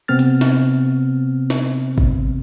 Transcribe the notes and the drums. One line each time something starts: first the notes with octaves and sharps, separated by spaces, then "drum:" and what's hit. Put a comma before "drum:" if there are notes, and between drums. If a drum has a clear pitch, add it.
C3 B3 C4 F6 A6
drum: hi-hat
drum: snare
drum: snare
drum: kick